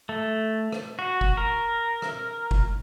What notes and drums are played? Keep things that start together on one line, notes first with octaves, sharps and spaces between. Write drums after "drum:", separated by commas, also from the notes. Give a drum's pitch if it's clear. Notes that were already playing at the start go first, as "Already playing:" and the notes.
A3
drum: rim click
F#4
drum: kick
A#4
drum: rim click
drum: kick